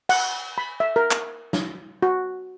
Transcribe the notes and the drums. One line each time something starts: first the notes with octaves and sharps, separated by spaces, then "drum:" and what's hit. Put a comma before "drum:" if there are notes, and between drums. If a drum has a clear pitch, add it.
F#5, drum: cymbal
B5
E5
A#4
drum: clap
drum: snare
F#4